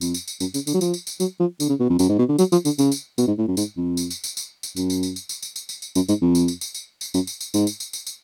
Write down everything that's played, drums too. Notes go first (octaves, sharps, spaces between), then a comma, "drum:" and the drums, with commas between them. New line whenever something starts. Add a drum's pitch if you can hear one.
F2, drum: tambourine
drum: tambourine
drum: tambourine
F#2, drum: tambourine
C#3, drum: tambourine
D3, drum: tambourine
F#3
F3, drum: tambourine
drum: tambourine
drum: tambourine
F#3, drum: tambourine
F3
D3, drum: tambourine
C#3
B2
F2
F#2, drum: tambourine
G#2
B2
D3
F#3, drum: tambourine
F3, drum: tambourine
D3, drum: tambourine
C#3, drum: tambourine
drum: tambourine
B2, drum: tambourine
G#2
A2
F#2
G#2, drum: tambourine
F2
drum: tambourine
drum: tambourine
drum: tambourine
drum: tambourine
drum: tambourine
F#2, drum: tambourine
drum: tambourine
drum: tambourine
drum: tambourine
drum: tambourine
drum: tambourine
drum: tambourine
drum: tambourine
drum: tambourine
F#2, drum: tambourine
G#2, drum: tambourine
F2
drum: tambourine
drum: tambourine
drum: tambourine
drum: tambourine
drum: tambourine
F#2, drum: tambourine
drum: tambourine
drum: tambourine
G#2, drum: tambourine
drum: tambourine
drum: tambourine
drum: tambourine
drum: tambourine